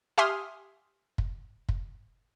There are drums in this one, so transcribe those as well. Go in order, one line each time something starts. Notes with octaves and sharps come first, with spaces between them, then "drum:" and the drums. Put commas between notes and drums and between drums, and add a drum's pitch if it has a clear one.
G4 E5 G#5 C6 D#6 F6
drum: kick
drum: kick